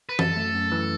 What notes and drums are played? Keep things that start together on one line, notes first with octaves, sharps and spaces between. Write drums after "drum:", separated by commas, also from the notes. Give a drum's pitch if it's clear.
B4
F#2 A4, drum: tom E3
A3
F#2
E3